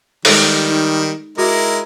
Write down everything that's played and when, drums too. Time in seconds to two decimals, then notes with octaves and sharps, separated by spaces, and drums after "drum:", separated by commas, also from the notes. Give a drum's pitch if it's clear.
0.25 D#3 G3 G#3 A4, drum: open hi-hat
0.69 D#4
1.38 G#3 E4 F#4 A#4